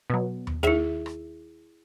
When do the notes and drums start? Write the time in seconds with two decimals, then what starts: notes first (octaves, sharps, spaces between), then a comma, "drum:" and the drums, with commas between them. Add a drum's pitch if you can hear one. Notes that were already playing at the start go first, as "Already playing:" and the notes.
0.10 B2 F#3
0.47 drum: tom D#2
0.63 D#2 E4 G#4 E5, drum: snare
1.06 drum: rim click